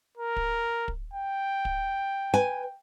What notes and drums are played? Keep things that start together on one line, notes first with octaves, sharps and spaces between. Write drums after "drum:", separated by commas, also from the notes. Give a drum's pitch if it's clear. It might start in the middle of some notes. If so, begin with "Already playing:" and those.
A#4
drum: kick
drum: kick
G5
drum: kick
B4 G#5